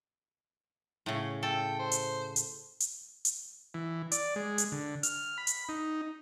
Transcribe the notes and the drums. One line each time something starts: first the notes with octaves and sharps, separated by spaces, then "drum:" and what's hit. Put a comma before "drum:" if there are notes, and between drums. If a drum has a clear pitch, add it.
A2 C#3
A4 G5
C5
drum: hi-hat
drum: hi-hat
drum: hi-hat
drum: hi-hat
E3
D5, drum: hi-hat
G#3
drum: hi-hat
D3
F6, drum: hi-hat
B5
drum: hi-hat
D#4